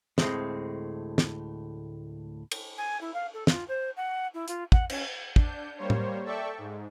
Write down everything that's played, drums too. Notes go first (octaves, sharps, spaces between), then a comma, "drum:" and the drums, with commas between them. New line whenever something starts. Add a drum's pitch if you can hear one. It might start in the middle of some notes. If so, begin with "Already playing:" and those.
D2 A2 G#3 C4, drum: snare
drum: snare
drum: cymbal
G#5
E4
F5
A4
F4, drum: snare
C5
F#5
E4
F4, drum: hi-hat
F#5, drum: kick
C#4, drum: cymbal
D4 G6, drum: kick
G3 A#3 C5 C#5
drum: tom
A4 D5 E5 G5 A5 C#6
G#2